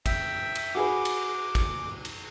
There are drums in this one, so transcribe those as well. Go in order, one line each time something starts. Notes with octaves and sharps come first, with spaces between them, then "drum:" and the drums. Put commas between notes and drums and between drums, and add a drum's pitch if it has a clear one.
E5 G5, drum: kick, cymbal
drum: cymbal
F#4 G#4 B4 D6
drum: cymbal
drum: kick, cymbal
drum: cymbal